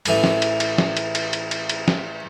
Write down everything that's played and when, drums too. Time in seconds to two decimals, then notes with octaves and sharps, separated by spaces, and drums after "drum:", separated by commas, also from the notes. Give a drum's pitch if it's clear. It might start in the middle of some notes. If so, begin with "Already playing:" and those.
0.05 A1 E3 A4 G#5 B5, drum: cymbal
0.24 drum: snare
0.42 drum: cymbal
0.60 drum: cymbal
0.78 drum: snare
0.97 drum: cymbal
1.15 drum: cymbal
1.33 drum: cymbal
1.51 drum: cymbal
1.69 drum: cymbal
1.88 drum: snare